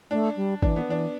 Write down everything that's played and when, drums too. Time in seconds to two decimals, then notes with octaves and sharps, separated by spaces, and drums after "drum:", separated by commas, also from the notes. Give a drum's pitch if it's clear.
0.11 A3 D4
0.36 G3
0.62 E3 D4, drum: kick G#1
0.76 B3
0.88 E3 D4